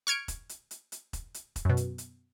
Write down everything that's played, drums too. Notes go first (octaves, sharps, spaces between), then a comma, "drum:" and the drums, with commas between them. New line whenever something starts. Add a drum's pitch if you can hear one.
C#6 F6 G#6 C#7 D7, drum: hi-hat
drum: kick E1, hi-hat
drum: hi-hat
drum: hi-hat
drum: hi-hat
drum: kick E1, hi-hat
drum: hi-hat
drum: kick E1, hi-hat
F#2 B2
drum: hi-hat
drum: hi-hat